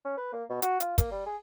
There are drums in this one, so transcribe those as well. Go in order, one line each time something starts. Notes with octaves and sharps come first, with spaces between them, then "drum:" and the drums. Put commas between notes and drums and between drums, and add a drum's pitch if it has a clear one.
C#4
B4
A#3
B2
F#4, drum: hi-hat
F4, drum: hi-hat
A#3, drum: kick, hi-hat
G3
G#4